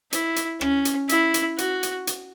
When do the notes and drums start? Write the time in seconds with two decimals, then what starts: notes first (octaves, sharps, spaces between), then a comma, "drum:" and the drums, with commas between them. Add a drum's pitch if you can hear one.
0.13 E4, drum: hi-hat
0.36 drum: hi-hat
0.61 C#4, drum: rim click
0.85 drum: hi-hat
1.09 E4, drum: hi-hat
1.34 drum: hi-hat
1.58 F#4, drum: hi-hat
1.83 drum: hi-hat
2.07 drum: hi-hat